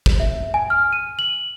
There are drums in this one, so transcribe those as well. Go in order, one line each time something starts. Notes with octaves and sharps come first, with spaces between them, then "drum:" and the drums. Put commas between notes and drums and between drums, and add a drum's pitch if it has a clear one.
drum: kick
E5
G#5
F6
D#7
F#7